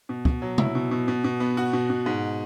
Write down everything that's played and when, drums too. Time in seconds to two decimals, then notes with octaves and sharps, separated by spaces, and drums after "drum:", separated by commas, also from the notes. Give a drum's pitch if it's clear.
0.09 B2
0.25 B2, drum: kick
0.42 F#3
0.58 E4, drum: tom C3
0.75 B2
0.91 B2
1.08 B2
1.24 B2
1.40 B3
1.57 F#4
1.73 B2
1.90 B2
2.06 G#2